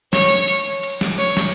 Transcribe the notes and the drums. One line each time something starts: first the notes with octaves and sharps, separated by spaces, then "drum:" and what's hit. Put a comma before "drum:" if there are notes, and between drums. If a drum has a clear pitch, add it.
C#5, drum: snare
drum: cymbal
drum: cymbal
drum: snare
C#5
drum: snare